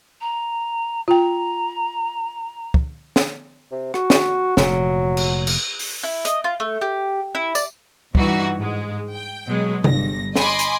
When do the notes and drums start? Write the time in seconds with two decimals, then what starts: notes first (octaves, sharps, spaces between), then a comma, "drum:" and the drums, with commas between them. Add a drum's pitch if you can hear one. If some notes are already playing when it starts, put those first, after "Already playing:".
0.21 A#5
1.08 F4 G5 A#5
2.74 drum: kick
3.16 drum: snare
3.72 C3
3.94 F#4, drum: rim click
4.10 drum: snare
4.57 F1 A#2 F#3, drum: snare
5.17 drum: cymbal
5.47 drum: cymbal
5.79 drum: open hi-hat
6.03 E4
6.25 D#5, drum: hi-hat
6.44 F4
6.60 A3
6.81 G4
7.35 E4
7.55 D5, drum: tambourine
8.15 G2 E3 D#4 F#4, drum: kick
8.56 G#2 G#3
9.12 G5
9.48 B2 F#3 G#3
9.84 G1 G2 A#6, drum: tom C3
10.36 D#5 G#5 B5 C6 D6, drum: snare
10.59 drum: hi-hat